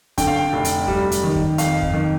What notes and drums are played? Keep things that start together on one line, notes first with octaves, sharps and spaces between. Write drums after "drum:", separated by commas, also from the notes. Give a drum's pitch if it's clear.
D3 G5, drum: kick, hi-hat
F5
G5
F1
drum: hi-hat
G3, drum: kick
drum: hi-hat
D#3
drum: kick
F2 F5, drum: hi-hat
drum: kick
D#3